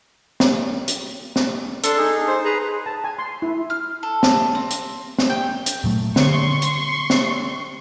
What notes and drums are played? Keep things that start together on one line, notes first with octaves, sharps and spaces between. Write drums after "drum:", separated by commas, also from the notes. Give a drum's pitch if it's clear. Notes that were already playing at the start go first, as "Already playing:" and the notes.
drum: snare
drum: hi-hat
drum: snare
D4 A4 C6, drum: hi-hat
D#4 G#4
C5
G#4 B4 A#5
A5
G#5
C6
E4
F6
A4
drum: snare
C4
drum: hi-hat
drum: snare
G5
drum: hi-hat
A#2 F#3 A3
D3 C6 C#6, drum: snare
drum: hi-hat
drum: snare